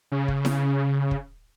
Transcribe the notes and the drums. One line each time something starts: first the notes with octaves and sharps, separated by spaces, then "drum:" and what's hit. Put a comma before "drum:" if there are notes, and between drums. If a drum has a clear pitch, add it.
C#3
drum: kick
drum: snare E4
drum: kick